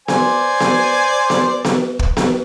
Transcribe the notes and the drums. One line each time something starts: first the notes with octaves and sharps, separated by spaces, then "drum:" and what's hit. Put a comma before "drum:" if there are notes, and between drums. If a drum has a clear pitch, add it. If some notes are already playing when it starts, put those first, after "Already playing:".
C5 D5 G#5, drum: snare B3
drum: snare B3
drum: snare B3
drum: snare B3
drum: kick
drum: snare B3